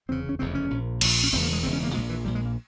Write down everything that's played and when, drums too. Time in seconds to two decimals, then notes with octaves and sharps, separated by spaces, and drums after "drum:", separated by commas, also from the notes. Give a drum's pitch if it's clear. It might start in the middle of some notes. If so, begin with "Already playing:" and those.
0.09 F1 E2 C#3 C4
0.29 C#4
0.39 F1 E2 C#3 C4
0.55 C#4
0.70 A#1 A#2
1.01 A#1 A#2, drum: cymbal
1.24 C#4
1.33 E1 E2 C#3 C4
1.42 A#3
1.53 G#3
1.63 E1 E2 C#3 C4
1.73 C#4
1.83 A#3
1.94 A#1 A#2 G#3
2.09 E3
2.25 A#1 A#2 G3
2.35 G#3
2.46 A#3